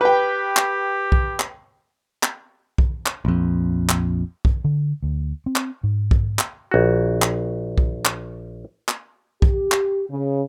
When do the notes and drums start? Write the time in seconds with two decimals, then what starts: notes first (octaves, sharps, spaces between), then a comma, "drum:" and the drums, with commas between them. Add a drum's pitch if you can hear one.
0.01 G4 B4 G5
0.57 drum: clap
1.12 drum: kick B1
1.40 drum: clap
2.23 drum: clap
2.78 drum: kick B1
3.06 drum: clap
3.25 A#1 F2
3.89 drum: clap
4.45 drum: kick B1
4.64 D3
5.03 D2
5.46 C4
5.56 drum: clap
5.83 G#2
6.11 drum: kick B1
6.39 drum: clap
6.71 A#1 F#4
7.22 drum: clap
7.78 drum: kick B1
8.05 drum: clap
8.88 drum: clap
9.42 G4, drum: kick B1
9.72 drum: clap
10.10 C#3